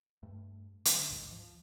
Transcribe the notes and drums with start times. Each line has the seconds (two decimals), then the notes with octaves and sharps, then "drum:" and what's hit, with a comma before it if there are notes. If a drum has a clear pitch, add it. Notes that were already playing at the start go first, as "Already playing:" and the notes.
0.23 G2 A3
0.85 D3, drum: hi-hat
1.09 A1 D2 G#2 F3
1.32 F3